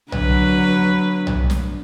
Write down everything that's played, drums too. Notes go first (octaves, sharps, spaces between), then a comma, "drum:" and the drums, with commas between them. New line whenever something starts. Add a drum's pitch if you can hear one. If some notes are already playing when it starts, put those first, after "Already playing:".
D3 F#3 B4, drum: tom B1
drum: tom B1
drum: snare